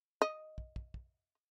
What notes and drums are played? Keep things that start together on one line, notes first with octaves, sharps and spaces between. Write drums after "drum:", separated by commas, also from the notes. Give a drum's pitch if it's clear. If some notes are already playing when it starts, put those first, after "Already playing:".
D#5
drum: kick
drum: kick
drum: kick